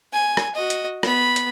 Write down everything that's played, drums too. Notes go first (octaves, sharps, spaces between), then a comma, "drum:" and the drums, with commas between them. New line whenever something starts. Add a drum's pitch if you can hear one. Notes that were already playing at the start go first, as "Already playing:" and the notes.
G#5
drum: rim click
F#4 D#5
drum: hi-hat
B3 B5, drum: rim click
drum: hi-hat